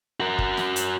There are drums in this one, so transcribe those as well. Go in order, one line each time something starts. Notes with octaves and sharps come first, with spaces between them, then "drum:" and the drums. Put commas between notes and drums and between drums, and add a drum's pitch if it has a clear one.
F#4 A#4
drum: kick
drum: snare
drum: hi-hat